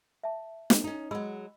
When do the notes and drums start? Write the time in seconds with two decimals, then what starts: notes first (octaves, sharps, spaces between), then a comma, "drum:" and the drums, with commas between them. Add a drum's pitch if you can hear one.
0.23 E5 A5
0.70 drum: snare
0.84 C#4 D#4
1.11 F#3 G#3 D#5 B5 E6